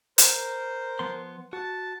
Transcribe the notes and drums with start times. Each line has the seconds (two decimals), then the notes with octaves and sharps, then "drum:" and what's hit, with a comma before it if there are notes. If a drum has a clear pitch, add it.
0.18 A#4 C5, drum: hi-hat
0.99 F3 B3 C6
1.53 F#4 A5